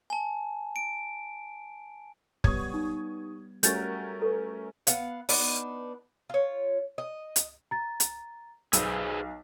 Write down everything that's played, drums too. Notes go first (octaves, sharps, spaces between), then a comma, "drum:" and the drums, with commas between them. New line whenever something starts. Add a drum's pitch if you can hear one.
G#5 A5
D7
G3 B3 C#5 C#6 D#6 G#6, drum: kick
D#4
G3 A3 C#4 F#4 A#4 G6 A6, drum: hi-hat
A4 B4
B3 F5 F#5, drum: hi-hat
B3 D4 D#4, drum: open hi-hat
F4 C#5
D#5
drum: hi-hat
A#5 A6
drum: hi-hat
B1 G#4 B4 C5 E6, drum: hi-hat